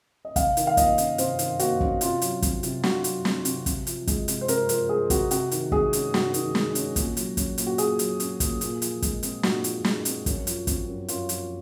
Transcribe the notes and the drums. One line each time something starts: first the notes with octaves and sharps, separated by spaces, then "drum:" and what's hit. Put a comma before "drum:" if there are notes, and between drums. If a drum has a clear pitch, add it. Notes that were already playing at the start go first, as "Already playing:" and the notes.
D#5
C3 F5, drum: kick, hi-hat
D#3, drum: hi-hat
F5
A#3 D#5, drum: kick, hi-hat
C#4, drum: hi-hat
C3 C5, drum: hi-hat
D#3, drum: hi-hat
A#3 F#4, drum: hi-hat
C#4, drum: kick
C3 F4, drum: hi-hat
F#3, drum: hi-hat
C4, drum: kick, hi-hat
C3, drum: hi-hat
C3 F#4, drum: snare
F#3, drum: hi-hat
C4, drum: snare
C3, drum: hi-hat
C3, drum: kick, hi-hat
F3, drum: hi-hat
G#3, drum: kick, hi-hat
C3, drum: hi-hat
C5
C3 A#4, drum: hi-hat
F3 A#4, drum: hi-hat
G#3 G#4
C3 F#4, drum: kick, hi-hat
C3 F#4, drum: hi-hat
D#3, drum: hi-hat
G#3 G#4, drum: kick
C#4, drum: hi-hat
C3 F#4, drum: snare
D#3, drum: hi-hat
G#3, drum: snare
C#4, drum: hi-hat
A#2, drum: kick, hi-hat
F#3, drum: hi-hat
C#4, drum: kick, hi-hat
A#2, drum: hi-hat
F#4
A#2 G#4, drum: hi-hat
F#3, drum: hi-hat
C#4, drum: hi-hat
A#2, drum: kick, hi-hat
A#2, drum: hi-hat
F3, drum: hi-hat
G#3, drum: kick, hi-hat
C4, drum: hi-hat
A#2 F#4, drum: snare
F3, drum: hi-hat
G#3, drum: snare
C4, drum: hi-hat
F#2, drum: kick, hi-hat
F3, drum: hi-hat
C4, drum: kick, hi-hat
F#2
F#2 F4, drum: hi-hat
F3, drum: hi-hat